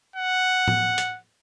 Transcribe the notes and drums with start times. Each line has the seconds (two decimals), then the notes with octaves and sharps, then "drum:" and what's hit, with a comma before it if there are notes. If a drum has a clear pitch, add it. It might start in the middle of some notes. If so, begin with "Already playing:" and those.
0.16 F#5
0.68 drum: tom
0.98 drum: hi-hat